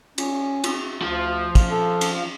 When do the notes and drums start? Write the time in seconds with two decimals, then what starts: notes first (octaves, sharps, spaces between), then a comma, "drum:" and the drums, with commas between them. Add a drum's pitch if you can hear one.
0.18 C#4, drum: cymbal
0.64 drum: cymbal
1.02 D2 F3
1.55 drum: kick, cymbal
1.71 A4
2.01 drum: cymbal